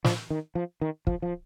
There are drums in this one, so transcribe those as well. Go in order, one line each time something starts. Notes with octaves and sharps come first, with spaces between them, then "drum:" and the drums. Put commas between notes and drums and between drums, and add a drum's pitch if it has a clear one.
F3, drum: snare
D#3
F3
D#3
F3, drum: kick
F3